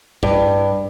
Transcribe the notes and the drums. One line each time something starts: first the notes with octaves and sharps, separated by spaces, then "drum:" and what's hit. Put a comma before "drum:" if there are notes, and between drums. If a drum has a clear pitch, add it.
G2, drum: kick